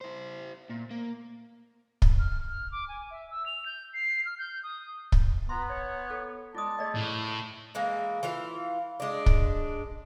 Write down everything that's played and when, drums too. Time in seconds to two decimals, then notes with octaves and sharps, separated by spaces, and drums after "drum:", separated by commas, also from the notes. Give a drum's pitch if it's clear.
0.01 E4 C5
0.69 A#2
0.91 A#3
2.02 drum: kick
2.19 F6
2.49 F6
2.72 D6
2.88 G#5
3.11 E5
3.31 E6
3.46 F7
3.66 G6
3.93 C7
4.25 F6
4.39 G6
4.63 D#6
5.12 drum: kick
5.49 B3 F4 B4 A#5 C6
5.69 C#5
6.10 A4
6.55 G#3 F4 D5 A5 D#6
6.79 A3 G#4 D5 D#5
6.95 A2
7.75 E3 G#3 A#3
8.23 E3 F4 F5
9.00 G#3 D4
9.26 drum: kick